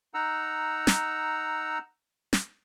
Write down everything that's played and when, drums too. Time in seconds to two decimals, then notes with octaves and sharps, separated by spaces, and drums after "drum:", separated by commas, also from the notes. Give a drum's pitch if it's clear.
0.14 D#4 F#5 A#5 E6
0.87 drum: snare
2.33 drum: snare